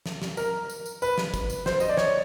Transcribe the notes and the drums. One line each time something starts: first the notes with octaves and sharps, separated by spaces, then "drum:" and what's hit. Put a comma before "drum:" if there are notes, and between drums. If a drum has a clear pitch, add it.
drum: snare
drum: snare
A#4, drum: tambourine
drum: tambourine
drum: tambourine
B4, drum: tambourine
drum: snare
drum: kick, tambourine
drum: tambourine
C5, drum: snare
D#5, drum: tambourine
D5
C#5, drum: snare